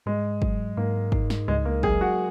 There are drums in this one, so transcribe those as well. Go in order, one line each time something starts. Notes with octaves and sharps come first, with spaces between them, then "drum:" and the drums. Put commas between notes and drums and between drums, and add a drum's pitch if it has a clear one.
G#2 G#3
F#3, drum: kick
G#2 A#3
D#4, drum: kick
drum: snare
C#2 G#3
A#3
F#3 G#4, drum: kick
F#4